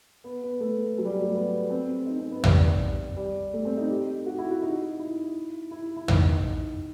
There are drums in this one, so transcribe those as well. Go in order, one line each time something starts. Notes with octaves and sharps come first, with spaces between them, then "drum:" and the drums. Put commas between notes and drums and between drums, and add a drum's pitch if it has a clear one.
B3
B3
A3
F#3
G3
F#3
A3
B3
C4
D#4
C4
B3
G3, drum: tom
G3
A3
C4
D#4
G4
F#4
E4
F#4
D#4
E4
E4
E4
D#4, drum: tom